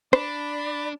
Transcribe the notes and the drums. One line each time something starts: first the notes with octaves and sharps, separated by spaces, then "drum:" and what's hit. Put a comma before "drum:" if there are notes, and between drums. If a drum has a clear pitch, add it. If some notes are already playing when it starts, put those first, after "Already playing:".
D4 D5 B5, drum: rim click